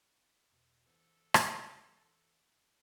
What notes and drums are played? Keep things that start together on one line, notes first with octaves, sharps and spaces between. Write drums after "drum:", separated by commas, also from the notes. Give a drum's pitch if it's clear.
E2 B2
E3 B3 A4 C5
drum: rim click